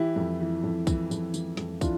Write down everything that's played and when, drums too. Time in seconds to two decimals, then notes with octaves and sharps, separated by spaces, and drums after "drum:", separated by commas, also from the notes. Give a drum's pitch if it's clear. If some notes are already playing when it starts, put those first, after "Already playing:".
Already playing: E3 E4 G4
0.16 F2
0.40 E3
0.64 F2
0.87 E3, drum: kick, tambourine
1.11 F2, drum: tambourine
1.34 E3, drum: tambourine
1.57 F2, drum: snare
1.81 E3 D4 F4, drum: kick, tambourine